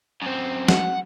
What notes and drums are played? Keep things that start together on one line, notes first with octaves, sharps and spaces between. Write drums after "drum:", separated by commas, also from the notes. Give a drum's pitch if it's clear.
F#2 C4
F#5, drum: snare